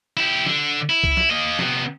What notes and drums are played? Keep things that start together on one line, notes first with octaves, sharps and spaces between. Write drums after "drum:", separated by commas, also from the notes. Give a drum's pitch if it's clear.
E4 G4
D3, drum: snare
E4
drum: kick C2
drum: snare
A#3 D#5
C3 B3, drum: snare